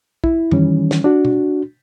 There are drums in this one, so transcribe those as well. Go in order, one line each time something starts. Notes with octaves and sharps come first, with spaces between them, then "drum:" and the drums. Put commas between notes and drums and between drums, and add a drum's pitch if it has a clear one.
E4, drum: kick
D#3 E3 G3 C#4, drum: tom F#2
drum: snare
D4 F#4
drum: tom B2